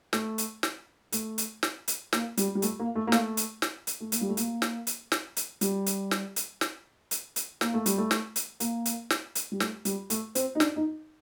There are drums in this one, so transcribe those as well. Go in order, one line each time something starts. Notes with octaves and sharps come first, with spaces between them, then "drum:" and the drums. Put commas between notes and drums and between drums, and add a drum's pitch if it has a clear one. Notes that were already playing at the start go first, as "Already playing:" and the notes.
A3, drum: snare
drum: hi-hat
drum: snare
A3, drum: hi-hat
drum: hi-hat
drum: snare
drum: hi-hat
A#3, drum: snare
G3, drum: hi-hat
G3
A3, drum: hi-hat
A#3
A3
A#3
A3, drum: snare
drum: hi-hat
drum: snare
drum: hi-hat
A3
A#3, drum: hi-hat
G3
A3
A#3, drum: hi-hat
drum: snare
drum: hi-hat
drum: snare
drum: hi-hat
G3, drum: hi-hat
drum: hi-hat
drum: snare
drum: hi-hat
drum: snare
drum: hi-hat
drum: hi-hat
A#3, drum: snare
A3
G3, drum: hi-hat
A3
drum: snare
drum: hi-hat
A#3, drum: hi-hat
drum: hi-hat
drum: snare
drum: hi-hat
G3
A3, drum: snare
G3, drum: hi-hat
A3, drum: hi-hat
C4, drum: hi-hat
D#4
D4, drum: snare
D#4